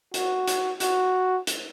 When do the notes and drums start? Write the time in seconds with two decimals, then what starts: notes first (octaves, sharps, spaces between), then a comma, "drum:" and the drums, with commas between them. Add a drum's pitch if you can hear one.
0.14 F#4, drum: hi-hat
0.48 drum: hi-hat
0.80 F#4, drum: hi-hat
1.47 drum: hi-hat